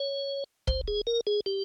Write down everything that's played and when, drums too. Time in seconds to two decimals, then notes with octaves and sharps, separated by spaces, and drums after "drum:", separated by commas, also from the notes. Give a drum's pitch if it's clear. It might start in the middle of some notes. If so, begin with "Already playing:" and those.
Already playing: C#5
0.67 C5, drum: kick
0.88 G#4
1.07 A#4
1.27 G#4
1.46 G4